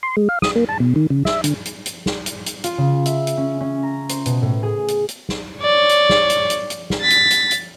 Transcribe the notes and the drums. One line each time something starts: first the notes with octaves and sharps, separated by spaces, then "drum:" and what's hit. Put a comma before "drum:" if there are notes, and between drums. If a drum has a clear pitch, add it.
C6
G#3
F5
D#6, drum: snare
A#3
A5
B2
D#3
C#3
E5, drum: snare
D3, drum: hi-hat
drum: hi-hat
drum: hi-hat
drum: snare
drum: hi-hat
drum: hi-hat
F4, drum: hi-hat
C#3
E5, drum: hi-hat
drum: hi-hat
C#4
C#4
A#5
C5, drum: hi-hat
B2, drum: hi-hat
A2
G#4
drum: hi-hat
drum: hi-hat
drum: snare
C#5 D5
drum: hi-hat
drum: snare
drum: hi-hat
drum: hi-hat
drum: hi-hat
drum: snare
A6 B6
drum: hi-hat
drum: hi-hat
drum: hi-hat